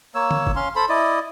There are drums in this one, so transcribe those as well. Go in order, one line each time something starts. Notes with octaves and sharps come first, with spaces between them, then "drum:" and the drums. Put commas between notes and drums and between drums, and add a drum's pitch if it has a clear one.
A#3 C#5 E6
drum: tom D3
drum: kick F#1
C#4 F5 C6
A4 C5 B5
E4 D5 D#5